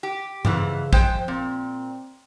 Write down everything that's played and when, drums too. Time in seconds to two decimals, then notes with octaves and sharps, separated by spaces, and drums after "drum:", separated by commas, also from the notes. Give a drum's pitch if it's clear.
0.03 G4
0.45 F2 G#2 C#3 E3, drum: tom G2
0.93 F3 G#3 C5 G5, drum: kick
1.28 A#2 C4